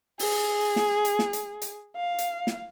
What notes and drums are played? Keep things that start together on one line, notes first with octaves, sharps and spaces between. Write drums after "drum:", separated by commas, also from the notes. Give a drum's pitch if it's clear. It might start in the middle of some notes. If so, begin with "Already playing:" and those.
G#4, drum: open hi-hat
drum: snare
drum: hi-hat
drum: snare
drum: hi-hat
drum: hi-hat
F5
drum: hi-hat
drum: snare